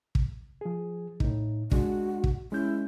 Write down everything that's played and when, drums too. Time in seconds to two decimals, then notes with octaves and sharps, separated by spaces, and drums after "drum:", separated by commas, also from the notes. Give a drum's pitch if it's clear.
0.15 drum: kick
0.61 F3 G#4
1.20 A2 D#4, drum: kick
1.71 G#3 D4 F#4, drum: kick
2.24 drum: kick
2.52 G#3 C#4 E4 G6